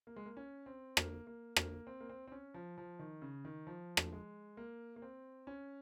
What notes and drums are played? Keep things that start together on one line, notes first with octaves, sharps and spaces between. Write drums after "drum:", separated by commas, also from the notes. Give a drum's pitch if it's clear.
A#3
G#3
A#3
C#4
C4
A#3, drum: rim click
A#3
A#3, drum: rim click
C4
A#3
C4
C4
C#4
F3
F3
D#3
C#3
D#3
F3
drum: rim click
G#3
A#3
A#3
C4
C#4